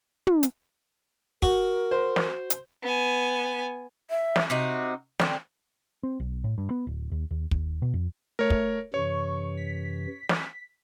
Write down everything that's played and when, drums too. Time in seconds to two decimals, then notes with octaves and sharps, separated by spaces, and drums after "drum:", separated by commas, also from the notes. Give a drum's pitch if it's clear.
0.27 drum: tom
0.43 drum: hi-hat
1.42 F#4 A#4, drum: kick
1.91 C5
2.16 drum: snare
2.50 drum: hi-hat
2.83 B3 G#5
4.10 E5
4.36 drum: snare
4.50 C3 D#4 F#4
5.20 D3 C4, drum: snare
6.03 C4
6.20 B1
6.44 A2
6.58 G2
6.70 B3
6.87 D1
7.12 D#2
7.31 D#2
7.51 D#2, drum: kick
7.82 B2
7.94 F2
8.39 A3 A#4 C#5
8.50 drum: kick
8.94 F#2 C3 E3 C#5 C#6
9.57 B6
10.29 drum: snare